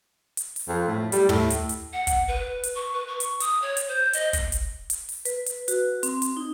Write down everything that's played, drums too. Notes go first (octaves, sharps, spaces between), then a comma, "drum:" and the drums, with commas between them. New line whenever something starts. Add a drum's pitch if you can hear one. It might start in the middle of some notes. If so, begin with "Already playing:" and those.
drum: hi-hat
drum: open hi-hat
F2
A2
G3, drum: hi-hat
A2, drum: tom
drum: hi-hat
drum: hi-hat
F#5
drum: kick, hi-hat
B4
drum: hi-hat
C#6
B4
C#6
drum: hi-hat
D#6, drum: hi-hat
C#5
drum: hi-hat
C5
D#5, drum: hi-hat
drum: kick, hi-hat
drum: hi-hat
drum: hi-hat
drum: open hi-hat
B4, drum: hi-hat
drum: hi-hat
F#4, drum: hi-hat
C4, drum: hi-hat
drum: hi-hat
D#4